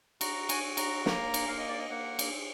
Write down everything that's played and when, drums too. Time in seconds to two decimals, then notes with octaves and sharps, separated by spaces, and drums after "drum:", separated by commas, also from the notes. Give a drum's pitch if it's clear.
0.21 F#4 A#5, drum: cymbal
0.49 G#5, drum: cymbal
0.63 F#4
0.77 A#5, drum: cymbal
1.06 A#3 A#5, drum: snare
1.34 drum: cymbal
1.48 A#3 F5
1.58 D#5
1.69 D5
1.79 D#5
1.90 A#3 F#5
2.19 drum: cymbal